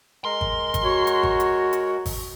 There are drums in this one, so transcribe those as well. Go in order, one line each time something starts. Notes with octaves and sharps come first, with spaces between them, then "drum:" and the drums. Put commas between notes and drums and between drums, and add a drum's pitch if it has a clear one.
G#3 A#4 C6
drum: kick G#1
drum: kick G#1, hi-hat
F#4 C#5
drum: hi-hat
drum: kick G#1
drum: hi-hat
drum: hi-hat
drum: kick G#1, open hi-hat